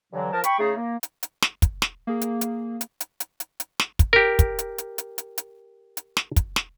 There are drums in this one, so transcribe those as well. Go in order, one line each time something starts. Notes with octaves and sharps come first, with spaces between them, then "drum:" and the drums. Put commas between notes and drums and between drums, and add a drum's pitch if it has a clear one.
G2 D3 E3 F#3
F3 A#4 A5
G5 B5 C#6, drum: hi-hat
C#3 A3 D#4 G#4
A#3
drum: hi-hat
drum: hi-hat
drum: snare
drum: kick, hi-hat
drum: snare
A#3 G#4
drum: hi-hat
drum: hi-hat
drum: hi-hat
drum: hi-hat
drum: hi-hat
drum: hi-hat
drum: hi-hat
drum: snare
drum: kick, hi-hat
G4 A#4
drum: kick, hi-hat
drum: hi-hat
drum: hi-hat
drum: hi-hat
drum: hi-hat
drum: hi-hat
drum: hi-hat
drum: snare
drum: kick, hi-hat
drum: snare